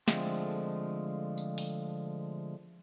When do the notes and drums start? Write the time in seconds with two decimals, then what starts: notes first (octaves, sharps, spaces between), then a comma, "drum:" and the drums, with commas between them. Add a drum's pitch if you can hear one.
0.08 D3 F3 G#3 A3 C4, drum: snare
1.38 drum: tambourine
1.58 drum: open hi-hat